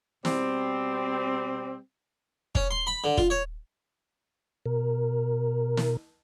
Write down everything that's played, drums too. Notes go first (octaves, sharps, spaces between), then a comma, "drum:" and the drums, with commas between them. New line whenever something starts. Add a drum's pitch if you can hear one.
B2 G3 C4, drum: snare
C#4, drum: kick
C6
B5
D3
F4, drum: kick
C#5
B2 A#4
drum: snare